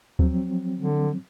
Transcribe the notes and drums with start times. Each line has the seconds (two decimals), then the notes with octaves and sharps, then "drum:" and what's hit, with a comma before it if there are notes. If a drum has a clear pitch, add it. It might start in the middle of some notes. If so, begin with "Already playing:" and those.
0.19 F3 F#3 C4, drum: kick D2
0.77 D3